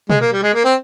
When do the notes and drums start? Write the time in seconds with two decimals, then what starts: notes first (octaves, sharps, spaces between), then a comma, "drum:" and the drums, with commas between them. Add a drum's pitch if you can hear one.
0.10 G#3, drum: tom
0.21 A#3
0.32 G3
0.43 G#3
0.54 A#3
0.65 C4